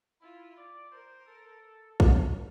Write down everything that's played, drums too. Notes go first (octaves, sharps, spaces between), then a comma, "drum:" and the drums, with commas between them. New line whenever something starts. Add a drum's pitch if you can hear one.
E4 F4
D5
A#4 C5
A4
drum: kick